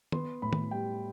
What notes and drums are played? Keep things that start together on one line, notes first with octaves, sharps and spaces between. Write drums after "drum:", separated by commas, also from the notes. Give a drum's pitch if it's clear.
B3 C6, drum: tom D#3
A2 B5
drum: tom D#3
G3 G5